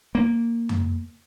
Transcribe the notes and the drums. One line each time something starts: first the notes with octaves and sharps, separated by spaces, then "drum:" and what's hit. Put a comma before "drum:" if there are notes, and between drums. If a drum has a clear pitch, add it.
A#3
drum: tom F2